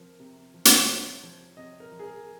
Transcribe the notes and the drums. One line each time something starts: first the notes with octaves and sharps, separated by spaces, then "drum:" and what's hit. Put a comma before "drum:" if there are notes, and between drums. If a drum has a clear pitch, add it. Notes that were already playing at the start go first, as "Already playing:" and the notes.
Already playing: C3 F3 A#4
C3
F3
drum: hi-hat
C3 C#5
F3
C3 D#5
A#4
F3
G#4
A#4